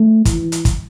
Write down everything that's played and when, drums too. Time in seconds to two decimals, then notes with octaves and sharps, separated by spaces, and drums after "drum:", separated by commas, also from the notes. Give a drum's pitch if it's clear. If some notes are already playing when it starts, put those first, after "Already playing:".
Already playing: A3
0.25 E3, drum: kick, hi-hat
0.52 drum: hi-hat
0.65 drum: kick, hi-hat